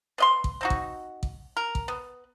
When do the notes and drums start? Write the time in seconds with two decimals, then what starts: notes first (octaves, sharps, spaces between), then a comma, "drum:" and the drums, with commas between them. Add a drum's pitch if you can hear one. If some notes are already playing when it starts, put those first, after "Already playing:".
0.18 B3 D#5 C6
0.44 drum: kick A1
0.61 C4 D#4 F#4
0.70 drum: kick A1
1.23 drum: kick A1
1.57 A#4
1.75 drum: kick A1
1.88 B3